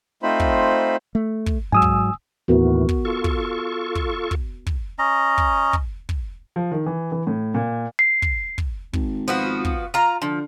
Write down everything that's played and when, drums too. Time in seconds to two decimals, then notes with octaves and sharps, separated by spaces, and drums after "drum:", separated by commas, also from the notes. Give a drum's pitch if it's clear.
0.23 A3 C4 D#4 F4 C5 B5
0.40 drum: kick
1.15 A3
1.46 drum: kick
1.72 G#2 F#3 G#5 D#6 E6
1.82 drum: kick
2.48 D#2 A2 E3 B3 F#4 A#4
2.89 drum: kick
3.05 F4 A4 C#6
3.24 drum: kick
3.95 drum: kick
4.31 drum: kick
4.67 drum: kick
4.99 C#4 D#5 A#5
5.38 drum: kick
5.73 drum: kick
6.09 drum: kick
6.56 F3
6.72 D#3
6.86 E3
7.12 E3
7.27 A2
7.55 A#2
7.99 C7
8.22 drum: kick
8.58 drum: kick
8.93 G#1, drum: kick
9.28 F3 B3 F#4
9.65 drum: kick
9.94 F4 A#5
10.22 D3 F3